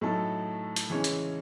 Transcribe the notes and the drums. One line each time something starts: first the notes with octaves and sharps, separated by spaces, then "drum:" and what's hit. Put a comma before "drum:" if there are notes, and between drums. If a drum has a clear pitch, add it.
A2 F#3 A3 D#4 A4
drum: hi-hat
C#3 E3 G#3 C#4
drum: hi-hat